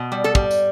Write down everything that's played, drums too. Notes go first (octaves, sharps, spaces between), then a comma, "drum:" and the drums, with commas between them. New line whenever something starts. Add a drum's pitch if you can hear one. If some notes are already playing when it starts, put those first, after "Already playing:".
Already playing: B2
G3
A4
G3, drum: kick
drum: tambourine